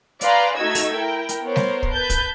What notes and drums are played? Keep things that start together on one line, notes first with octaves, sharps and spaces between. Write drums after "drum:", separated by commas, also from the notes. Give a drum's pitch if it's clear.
B4 D5 F5 G#5 A#5 C6, drum: hi-hat
A3 D#4 F#4 D#5 E6 G#6
drum: open hi-hat
E4 A#4 G5
drum: hi-hat
B3 A#4 C5 C#5
drum: snare G3
drum: kick
B4 A5 G6
drum: kick, hi-hat